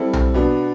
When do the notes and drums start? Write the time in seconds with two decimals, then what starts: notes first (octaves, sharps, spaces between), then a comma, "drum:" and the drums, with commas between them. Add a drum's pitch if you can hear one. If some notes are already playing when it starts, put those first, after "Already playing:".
Already playing: G3 C4 E4 A4
0.13 drum: tom B1
0.34 B2 B3 D4